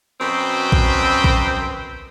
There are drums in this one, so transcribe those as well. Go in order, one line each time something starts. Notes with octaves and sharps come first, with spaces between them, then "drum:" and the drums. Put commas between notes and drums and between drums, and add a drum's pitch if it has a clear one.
F#2 B2 C4 B4 C5 G5
drum: kick A#1
drum: kick A#1